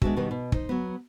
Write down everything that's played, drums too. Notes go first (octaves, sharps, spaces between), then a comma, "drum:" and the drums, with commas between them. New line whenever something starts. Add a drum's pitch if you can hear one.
G#3 B3 D4 F#4 E5, drum: kick
B2 D#3 E3 G3 B3 B4
B2
D#4 C5, drum: kick
F#3 B3